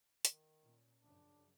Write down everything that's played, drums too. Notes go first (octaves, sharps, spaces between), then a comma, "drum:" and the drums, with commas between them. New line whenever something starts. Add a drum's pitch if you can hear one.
D#3, drum: hi-hat
A#2 C#4
F#2 C#3 F3 D4